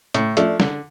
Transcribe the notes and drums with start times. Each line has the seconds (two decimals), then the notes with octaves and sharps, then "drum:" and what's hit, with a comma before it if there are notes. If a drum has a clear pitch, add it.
0.14 A2, drum: hi-hat
0.37 F3 A3 D4, drum: hi-hat
0.60 D3, drum: snare